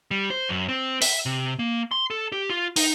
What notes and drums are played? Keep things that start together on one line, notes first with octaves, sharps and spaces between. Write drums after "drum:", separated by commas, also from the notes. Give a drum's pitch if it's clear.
G3
C5
F#2
C4
E5, drum: open hi-hat
C3
A#3
C6
A4
G4
F4
D#4, drum: open hi-hat